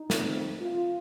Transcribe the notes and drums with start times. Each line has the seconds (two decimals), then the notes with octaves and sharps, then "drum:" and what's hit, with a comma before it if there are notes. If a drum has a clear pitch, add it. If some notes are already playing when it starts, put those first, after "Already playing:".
Already playing: D#4
0.10 F2 D#3 A3 C4, drum: snare
0.61 F4